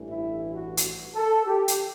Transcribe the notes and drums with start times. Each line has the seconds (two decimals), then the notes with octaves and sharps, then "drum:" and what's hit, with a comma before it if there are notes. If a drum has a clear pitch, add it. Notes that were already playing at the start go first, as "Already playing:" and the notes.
Already playing: A1 G2 E3 A3
0.10 E4
0.55 F#4
0.77 drum: hi-hat
1.15 A4
1.46 G4
1.68 drum: hi-hat